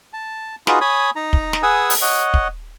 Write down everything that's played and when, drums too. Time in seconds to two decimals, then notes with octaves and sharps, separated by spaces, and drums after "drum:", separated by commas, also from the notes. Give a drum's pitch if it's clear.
0.13 A5
0.67 D#4 F4 F#4 G#4 B4, drum: snare
0.81 C#5 G#5 B5 D#6
1.16 D#4 A#5
1.33 drum: kick
1.53 drum: snare
1.63 G#4 B4 F#5 G#5 D#6 E6
1.90 drum: open hi-hat
2.01 C#5 D#5 F#5
2.34 drum: kick